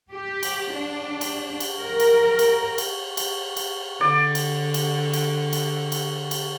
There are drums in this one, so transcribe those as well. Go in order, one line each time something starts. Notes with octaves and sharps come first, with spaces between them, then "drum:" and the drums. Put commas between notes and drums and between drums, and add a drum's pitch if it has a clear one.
G4
drum: cymbal
D4
drum: cymbal
drum: cymbal
A#4
drum: cymbal
drum: cymbal
drum: cymbal
drum: cymbal
drum: cymbal
D3 D5
drum: cymbal
drum: cymbal
drum: cymbal
drum: cymbal
drum: cymbal
drum: cymbal